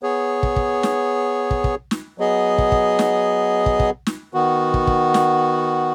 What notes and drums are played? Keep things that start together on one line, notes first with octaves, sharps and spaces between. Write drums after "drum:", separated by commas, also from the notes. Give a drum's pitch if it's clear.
B3 G#4 C#5
drum: kick
drum: kick
drum: snare
drum: kick
drum: kick
drum: snare
F#3 B3 G#4 D#5
drum: kick
drum: kick
drum: snare
drum: kick
drum: kick
drum: snare
D#3 B3 F#4
drum: kick
drum: kick
drum: snare